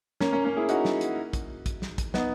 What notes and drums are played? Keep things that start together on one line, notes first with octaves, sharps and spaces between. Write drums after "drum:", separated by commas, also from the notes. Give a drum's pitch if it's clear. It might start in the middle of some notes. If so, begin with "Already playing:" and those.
A#3 C#4, drum: snare
A#3 C#4
A#3 C#4
E4 G#4
D#4 F#4, drum: hi-hat
drum: snare
drum: hi-hat
drum: kick, hi-hat
drum: kick, hi-hat
drum: snare
drum: kick, hi-hat
B3 D#4, drum: snare